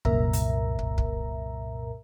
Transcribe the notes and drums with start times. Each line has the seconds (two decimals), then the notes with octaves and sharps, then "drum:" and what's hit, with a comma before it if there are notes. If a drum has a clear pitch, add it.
0.05 C2 F#2 A#2 A#4 E5 A#5, drum: kick
0.33 drum: hi-hat
0.79 drum: kick
0.98 drum: kick